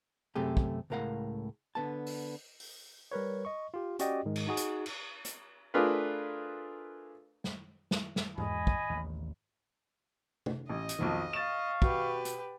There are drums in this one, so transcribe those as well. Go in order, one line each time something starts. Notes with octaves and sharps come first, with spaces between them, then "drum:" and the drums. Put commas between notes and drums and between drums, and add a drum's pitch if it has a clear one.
F#2 C3 A3 G4 G#4
drum: kick
C#2 A2 A#4 F5 F#5
D3 B3 A5
drum: open hi-hat
drum: open hi-hat
G3 A#4 B4 C#5
D#5 C#6
F4 G4
C#4 F#4 G4 D5 D#5 G5, drum: hi-hat
G#2 D#3 G#3
drum: cymbal
D#4 F#4 G#4
drum: hi-hat
drum: cymbal
drum: hi-hat
A3 D4 F4 G#4 A#4 B4
drum: snare
drum: snare
drum: snare
E2 G#3 D#5 G#5 B5, drum: tom G#2
drum: kick
A1 D#2
drum: tom
A1 D#5
drum: hi-hat
B1 F2 D#3
F5 C#6 A6 E7
B2 G4 B4, drum: kick
drum: hi-hat